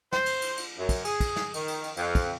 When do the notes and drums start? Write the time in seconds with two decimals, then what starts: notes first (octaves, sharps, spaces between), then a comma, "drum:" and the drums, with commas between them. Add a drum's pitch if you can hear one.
0.13 C5, drum: snare
0.26 drum: cymbal
0.42 drum: cymbal
0.57 drum: cymbal
0.78 F#2
0.89 drum: kick, cymbal
1.05 G#4, drum: cymbal
1.20 drum: kick, cymbal
1.36 drum: snare
1.54 D#3, drum: cymbal
1.68 drum: cymbal
1.84 drum: cymbal
1.97 F2, drum: cymbal
2.15 drum: kick, cymbal